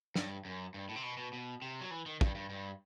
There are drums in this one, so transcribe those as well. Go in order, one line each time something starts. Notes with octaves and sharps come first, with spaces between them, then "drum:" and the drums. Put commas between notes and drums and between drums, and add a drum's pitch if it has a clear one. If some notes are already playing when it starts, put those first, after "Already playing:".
G2, drum: snare
F#2
G2
A2
C3
B2
B2
B2
C3
F#3
E3
D#3
G2, drum: kick
G2
G2